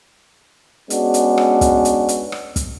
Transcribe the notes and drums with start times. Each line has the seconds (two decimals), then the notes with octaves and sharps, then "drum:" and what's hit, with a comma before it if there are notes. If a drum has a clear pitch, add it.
0.90 G#3 B3 C#4 D4 F#4, drum: hi-hat
1.14 drum: hi-hat
1.38 drum: rim click
1.61 drum: kick, hi-hat
1.85 drum: hi-hat
2.09 drum: hi-hat
2.32 drum: rim click
2.56 drum: kick, hi-hat